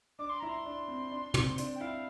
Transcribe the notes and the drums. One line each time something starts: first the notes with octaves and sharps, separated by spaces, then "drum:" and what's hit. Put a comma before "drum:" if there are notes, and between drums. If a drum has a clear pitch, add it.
D4 D6
C6
E4 A#5
C6
D4
C4
D4
C4, drum: tom
D4, drum: hi-hat
G5
E4 F5